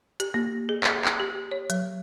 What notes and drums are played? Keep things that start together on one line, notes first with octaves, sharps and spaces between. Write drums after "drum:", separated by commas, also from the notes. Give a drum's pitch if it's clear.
G4, drum: hi-hat
A#3
G#4
drum: clap
drum: clap
G4
C#5
F#3, drum: hi-hat